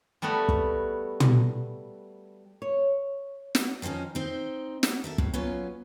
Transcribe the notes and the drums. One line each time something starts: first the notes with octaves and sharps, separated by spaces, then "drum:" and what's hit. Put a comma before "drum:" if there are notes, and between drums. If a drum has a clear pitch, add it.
G3 A3 B3 F#4
drum: kick
drum: tom
C#5
drum: snare
D#3 F3 A#3 C#4 D#4
C4 D#4
drum: snare
A4 A#4 E5
A2, drum: kick
F#3 B3 C#4 F4